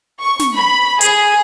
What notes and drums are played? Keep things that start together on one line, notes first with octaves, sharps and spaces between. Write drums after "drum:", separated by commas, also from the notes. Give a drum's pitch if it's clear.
C#6
drum: snare
B5
G#4, drum: hi-hat